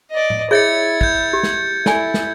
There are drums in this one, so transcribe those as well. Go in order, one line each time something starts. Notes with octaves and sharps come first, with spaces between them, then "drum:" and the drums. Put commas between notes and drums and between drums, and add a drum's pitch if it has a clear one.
D5 D#5
drum: tom A2
E4 G#4 C#5 E5 G#6 A6 C#7
G6 G#6, drum: kick
G4
drum: snare
E4 A4 D5 G#5, drum: snare
drum: snare